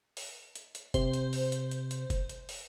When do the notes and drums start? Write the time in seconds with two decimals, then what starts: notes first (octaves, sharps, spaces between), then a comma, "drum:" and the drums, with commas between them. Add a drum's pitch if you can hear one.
0.17 drum: open hi-hat
0.55 drum: hi-hat
0.75 drum: hi-hat
0.94 C3 C5, drum: kick F#1, hi-hat
1.13 drum: hi-hat
1.33 drum: open hi-hat
1.52 drum: hi-hat
1.71 drum: hi-hat
1.91 drum: hi-hat
2.10 drum: kick F#1, hi-hat
2.29 drum: hi-hat
2.49 drum: open hi-hat